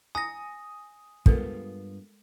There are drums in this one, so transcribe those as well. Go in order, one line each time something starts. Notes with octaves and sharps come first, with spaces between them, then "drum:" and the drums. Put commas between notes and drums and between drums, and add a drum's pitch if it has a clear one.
G#5 A#5 D#6 A#6
G2 G#3 B3 F4 A4 A#4, drum: kick